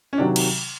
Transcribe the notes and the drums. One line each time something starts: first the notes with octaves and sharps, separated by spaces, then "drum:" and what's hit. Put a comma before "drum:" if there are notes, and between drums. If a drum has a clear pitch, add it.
C#4
C3 D#3 F#3 D4
drum: cymbal